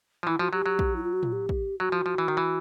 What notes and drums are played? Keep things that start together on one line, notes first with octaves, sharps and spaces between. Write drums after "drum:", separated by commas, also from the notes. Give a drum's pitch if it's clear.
F3
E3 E4
F3 F#4
F#3 G4
F#3
drum: kick
E4
F4
F#4
F4, drum: tom
G4
drum: kick
F#3 F#4
F3
F3
E3
D#3
E3